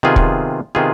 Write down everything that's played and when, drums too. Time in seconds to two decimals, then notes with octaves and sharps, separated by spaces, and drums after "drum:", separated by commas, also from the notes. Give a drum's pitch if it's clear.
0.03 C3 D#3 B3 F4 G#4
0.16 drum: kick
0.75 C3 D#3 B3 F4 G#4